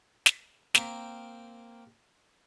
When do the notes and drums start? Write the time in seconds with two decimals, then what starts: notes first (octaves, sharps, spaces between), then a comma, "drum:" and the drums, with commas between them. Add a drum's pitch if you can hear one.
0.26 drum: snare
0.75 A#3 C4 A#4 G5, drum: snare